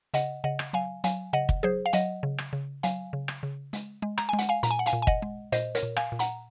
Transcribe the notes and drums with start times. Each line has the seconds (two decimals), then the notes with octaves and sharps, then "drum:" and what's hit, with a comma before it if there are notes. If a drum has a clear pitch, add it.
0.14 C#3 D#5 F#5, drum: hi-hat
0.44 C#3 D#5 F#5
0.59 drum: rim click
0.73 F#3 F5 G#5
1.04 F#3 F5 G#5, drum: hi-hat
1.33 C#3 D#5 F#5
1.49 drum: kick
1.63 F#3 G#4 C5
1.86 F5
1.93 F#3 D#5 F#5, drum: hi-hat
2.23 C#3
2.38 drum: rim click
2.53 C#3
2.83 F#3 F5 G#5, drum: hi-hat
3.13 C#3
3.28 drum: rim click
3.43 C#3
3.73 G#3, drum: hi-hat
4.02 G#3
4.18 A#5, drum: rim click
4.29 G#3 G#5
4.39 F#5, drum: hi-hat
4.49 F5 G#5
4.63 A#2 A#5, drum: hi-hat
4.71 G#5
4.79 F#5
4.86 F5 G#5, drum: hi-hat
4.93 A#2
5.02 G#5
5.07 D#5 F#5, drum: kick
5.22 G#3
5.52 A#2 C5 D#5, drum: hi-hat
5.75 A#4 C#5, drum: hi-hat
5.83 A#2
5.97 F5 G#5, drum: rim click
6.12 A#2
6.19 F#5 A#5, drum: hi-hat